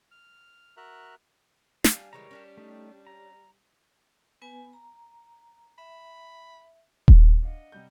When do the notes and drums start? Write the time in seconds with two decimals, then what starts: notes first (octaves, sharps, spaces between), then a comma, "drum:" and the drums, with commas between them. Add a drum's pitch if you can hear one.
0.11 F6
0.77 F#4 A#4 E5 A#5 F#6
1.84 G3 D4 F5 G#5, drum: snare
2.13 C#3 E3 G#3 A#4 C#5 A#5
2.31 C#4 D4 G4
2.57 A3 D#4
3.07 A#5
4.42 B3 B4 G#5
4.73 A#5
5.78 E5 B5
7.08 drum: kick D#1
7.42 D4 D#5 F5 F#5
7.72 C3 G3 G6